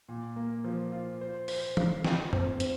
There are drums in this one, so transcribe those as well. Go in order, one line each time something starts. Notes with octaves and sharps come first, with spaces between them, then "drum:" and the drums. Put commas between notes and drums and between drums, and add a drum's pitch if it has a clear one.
A#2
A#3
F3
F4
C5
C5, drum: open hi-hat
F5, drum: tom
F4, drum: snare
C4, drum: tom F2
C4, drum: hi-hat